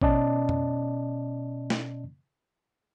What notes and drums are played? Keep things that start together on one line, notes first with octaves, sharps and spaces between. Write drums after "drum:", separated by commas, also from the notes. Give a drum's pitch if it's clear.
B2 C#4 D5 D#5 A5, drum: kick
drum: tom F2
drum: snare